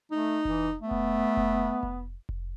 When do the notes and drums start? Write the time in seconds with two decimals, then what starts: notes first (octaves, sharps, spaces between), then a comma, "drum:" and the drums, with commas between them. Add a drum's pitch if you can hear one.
0.12 A3 D#4
0.45 E3, drum: kick F1
0.81 A3 B3
0.91 drum: kick F1
1.37 drum: kick F1
1.83 drum: kick F1
2.29 drum: kick F1